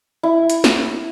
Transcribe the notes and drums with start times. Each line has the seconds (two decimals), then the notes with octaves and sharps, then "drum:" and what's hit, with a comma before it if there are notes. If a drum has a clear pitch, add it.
0.23 E4
0.50 drum: hi-hat
0.64 drum: snare